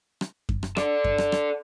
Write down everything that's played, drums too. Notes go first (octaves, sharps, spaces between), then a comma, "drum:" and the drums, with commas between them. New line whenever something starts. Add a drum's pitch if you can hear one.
drum: rim click
drum: kick F#2
drum: rim click
A4 D5, drum: rim click
drum: kick F#2
drum: rim click
drum: rim click